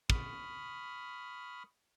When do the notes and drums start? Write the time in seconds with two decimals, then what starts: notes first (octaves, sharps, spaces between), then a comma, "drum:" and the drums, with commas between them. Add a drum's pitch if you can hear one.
0.10 B5 C#6 D#6 F6, drum: kick